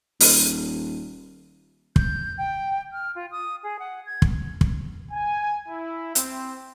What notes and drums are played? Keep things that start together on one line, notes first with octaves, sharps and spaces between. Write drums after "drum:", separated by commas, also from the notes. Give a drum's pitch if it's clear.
D#1, drum: open hi-hat
G6, drum: kick
G5
F6
F4
D#6
G#4
F#5
G#6
drum: kick
drum: kick
G#5
E4
C4, drum: hi-hat